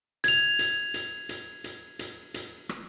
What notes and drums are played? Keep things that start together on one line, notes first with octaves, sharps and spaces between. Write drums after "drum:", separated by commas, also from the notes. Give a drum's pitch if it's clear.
G#6 F7, drum: hi-hat
drum: hi-hat
drum: hi-hat
drum: hi-hat
drum: hi-hat
drum: hi-hat
drum: hi-hat
drum: rim click